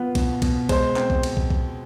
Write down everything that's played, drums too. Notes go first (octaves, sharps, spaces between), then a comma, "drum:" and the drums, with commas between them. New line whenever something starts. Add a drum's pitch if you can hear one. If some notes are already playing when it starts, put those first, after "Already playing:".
Already playing: B3 F4
B2, drum: kick, cymbal
B2, drum: kick, cymbal
G#3 C5, drum: kick, cymbal
C4, drum: clap
drum: kick
drum: cymbal
drum: kick
drum: kick